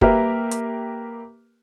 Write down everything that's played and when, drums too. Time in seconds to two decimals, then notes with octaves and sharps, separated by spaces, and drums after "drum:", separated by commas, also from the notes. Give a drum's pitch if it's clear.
0.01 A#3 G4 A#4 B4 E5, drum: kick F#1
0.51 drum: hi-hat